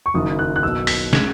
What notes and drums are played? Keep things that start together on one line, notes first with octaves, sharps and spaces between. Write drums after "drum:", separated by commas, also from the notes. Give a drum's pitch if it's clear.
C#6
F#1 F#2 D#3 D#6
F#6
F#6
B1 B2 F#3 E6
B6, drum: open hi-hat
C#3 G#3 G#6, drum: snare